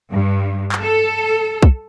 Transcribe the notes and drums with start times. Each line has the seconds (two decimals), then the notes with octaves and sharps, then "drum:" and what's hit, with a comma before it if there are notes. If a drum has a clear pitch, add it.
0.12 G2
0.72 drum: clap
0.83 A4
1.63 drum: kick